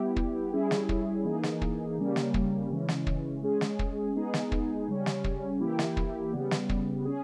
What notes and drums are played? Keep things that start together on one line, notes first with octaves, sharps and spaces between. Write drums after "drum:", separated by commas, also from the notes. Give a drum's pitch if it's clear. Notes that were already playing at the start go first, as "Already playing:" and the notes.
Already playing: G3 B3 E4 G4
drum: kick
G3 C#4 E4 G#4
drum: snare
drum: kick
E3 A#3 D#4 G#4
drum: snare
drum: kick
C#3 G3 A#3 C#4
drum: snare
drum: kick
C#3 E3 G#3 C#4
drum: snare
drum: kick
G#3 C#4 G#4
drum: snare
drum: kick
G#3 B3 D#4 G#4
drum: snare
drum: kick
C#3 G3 C#4
drum: snare
drum: kick
E3 A#3 E4 G4
drum: snare
drum: kick
C#3 G3 B3
drum: snare
drum: kick
C#4 G#4